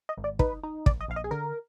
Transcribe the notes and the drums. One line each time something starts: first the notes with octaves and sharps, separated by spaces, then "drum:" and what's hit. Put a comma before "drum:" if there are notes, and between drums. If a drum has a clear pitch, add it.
D#5
G#1
D5
D#4 B4, drum: kick
D#4
A#1 D5, drum: kick
D#5
A#1 F5
D#5
G#4
D3 A#4